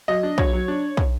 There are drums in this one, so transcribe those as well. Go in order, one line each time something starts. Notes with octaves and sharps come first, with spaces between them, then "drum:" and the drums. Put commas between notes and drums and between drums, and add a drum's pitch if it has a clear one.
F#3 D#5
D4
F#3 C#5, drum: kick
F#3
D4
drum: kick